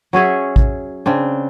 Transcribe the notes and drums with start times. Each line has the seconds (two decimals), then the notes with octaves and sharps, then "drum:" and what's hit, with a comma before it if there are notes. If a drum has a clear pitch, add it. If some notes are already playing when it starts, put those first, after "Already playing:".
0.13 F#3 C#4 G#4 E5
0.56 drum: kick A1
1.06 C#3 C4 D4